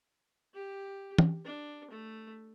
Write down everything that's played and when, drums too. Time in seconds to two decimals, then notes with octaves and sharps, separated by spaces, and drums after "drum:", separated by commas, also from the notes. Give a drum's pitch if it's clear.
0.55 G4
1.18 drum: tom
1.45 D4
1.91 A3